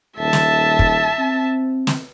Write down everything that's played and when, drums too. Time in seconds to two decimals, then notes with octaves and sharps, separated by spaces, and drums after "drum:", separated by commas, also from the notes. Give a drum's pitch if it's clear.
0.17 D#1 E5 A5
0.33 drum: snare
0.79 drum: kick
1.19 C4
1.87 drum: snare